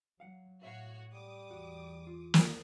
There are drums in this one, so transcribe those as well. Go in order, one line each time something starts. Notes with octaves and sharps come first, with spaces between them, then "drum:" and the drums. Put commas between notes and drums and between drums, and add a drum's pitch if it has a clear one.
F#3 F5 F#5
A2 F#4 C#5 E5 F5
G3 D6 D#6
E2 F#4
F4
drum: snare